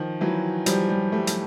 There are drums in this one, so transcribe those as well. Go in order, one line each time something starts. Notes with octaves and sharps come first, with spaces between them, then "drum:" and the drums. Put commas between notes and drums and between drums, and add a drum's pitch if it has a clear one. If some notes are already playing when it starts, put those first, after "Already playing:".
Already playing: D#3 F3
E3 F#3
F3 G3, drum: hi-hat
F3 G3
G3 A3
drum: hi-hat